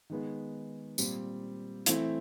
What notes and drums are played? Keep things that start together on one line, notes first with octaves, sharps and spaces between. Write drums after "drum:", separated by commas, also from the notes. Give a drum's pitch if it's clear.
D#3 G#3 B3 D#4
A#2 G3 C4, drum: tambourine
E3 A3 C4 E4, drum: hi-hat